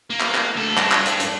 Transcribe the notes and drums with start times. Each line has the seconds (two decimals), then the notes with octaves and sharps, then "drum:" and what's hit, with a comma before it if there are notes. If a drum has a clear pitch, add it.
0.10 A#3
0.20 drum: clap
0.35 drum: clap
0.56 D2 A4
0.77 G2 D4, drum: clap
0.91 drum: clap
1.06 drum: hi-hat
1.20 drum: hi-hat